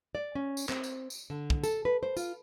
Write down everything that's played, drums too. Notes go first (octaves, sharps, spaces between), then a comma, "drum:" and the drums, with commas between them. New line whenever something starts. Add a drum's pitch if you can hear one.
D5
C#4
drum: tambourine
C4, drum: clap
drum: tambourine
drum: tambourine
D3
drum: kick
A4, drum: tambourine
B4
C5
F4, drum: tambourine